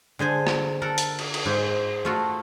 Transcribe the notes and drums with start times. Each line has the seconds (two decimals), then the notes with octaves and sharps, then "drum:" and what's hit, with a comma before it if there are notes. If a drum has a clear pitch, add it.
0.19 D3 G#4 C5 G#5
0.47 drum: rim click
0.82 A4 A#4 F#5
0.98 drum: hi-hat
1.19 drum: cymbal
1.34 drum: cymbal
1.45 G#2 C5
2.05 A3 F4 F#4